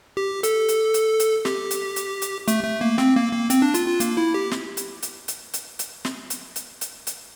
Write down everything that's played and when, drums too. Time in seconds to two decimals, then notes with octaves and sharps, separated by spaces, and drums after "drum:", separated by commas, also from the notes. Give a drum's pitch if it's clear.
0.17 G4
0.43 A4, drum: hi-hat
0.68 drum: hi-hat
0.94 drum: hi-hat
1.20 drum: hi-hat
1.45 G4, drum: snare
1.71 drum: hi-hat
1.96 drum: hi-hat
2.22 drum: hi-hat
2.48 A3, drum: hi-hat
2.64 A3
2.81 A#3
2.98 C4, drum: snare
3.16 A#3
3.32 A#3
3.50 C4, drum: hi-hat
3.62 D4
3.74 F4, drum: hi-hat
3.88 F4
4.00 A#3, drum: hi-hat
4.17 E4
4.34 G4
4.51 drum: snare
4.77 drum: hi-hat
5.02 drum: hi-hat
5.28 drum: hi-hat
5.54 drum: hi-hat
5.79 drum: hi-hat
6.05 drum: snare
6.30 drum: hi-hat
6.56 drum: hi-hat
6.81 drum: hi-hat
7.07 drum: hi-hat